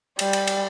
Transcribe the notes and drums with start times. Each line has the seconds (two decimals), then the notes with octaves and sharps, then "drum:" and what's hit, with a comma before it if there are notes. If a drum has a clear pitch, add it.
0.19 G3, drum: cymbal
0.33 drum: cymbal
0.47 drum: cymbal